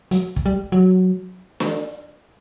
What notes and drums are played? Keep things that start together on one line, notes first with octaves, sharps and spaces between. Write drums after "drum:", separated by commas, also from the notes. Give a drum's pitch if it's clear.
F#3, drum: hi-hat
drum: kick
G3
F#3
drum: snare